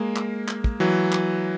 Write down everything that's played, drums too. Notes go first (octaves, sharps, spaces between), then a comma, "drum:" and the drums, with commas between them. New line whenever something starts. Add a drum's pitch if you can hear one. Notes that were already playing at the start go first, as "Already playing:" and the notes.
Already playing: G#3 A#3
drum: clap
drum: clap
drum: kick
E3 F#3
drum: clap